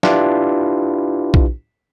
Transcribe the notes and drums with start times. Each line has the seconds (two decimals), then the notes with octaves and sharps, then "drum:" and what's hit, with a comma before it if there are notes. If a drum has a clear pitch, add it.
0.03 D4 E4 F4 G4 B4, drum: snare
1.34 drum: kick